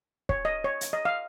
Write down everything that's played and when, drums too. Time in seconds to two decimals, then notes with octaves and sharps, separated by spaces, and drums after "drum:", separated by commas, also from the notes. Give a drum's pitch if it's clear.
0.29 C#5, drum: kick
0.45 D#5
0.64 C#5
0.81 drum: hi-hat
0.93 D#5
1.05 F5